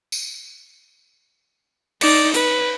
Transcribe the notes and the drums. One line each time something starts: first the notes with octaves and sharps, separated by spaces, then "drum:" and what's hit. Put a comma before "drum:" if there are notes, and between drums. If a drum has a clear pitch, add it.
drum: tambourine
D#4 D5, drum: cymbal
B4, drum: hi-hat